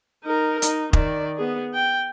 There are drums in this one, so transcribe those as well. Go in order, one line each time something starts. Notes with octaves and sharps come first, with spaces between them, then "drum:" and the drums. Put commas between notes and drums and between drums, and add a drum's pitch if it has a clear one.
D#4 A#4
D#4, drum: hi-hat
D#3 D5, drum: kick
B3 G#4
G5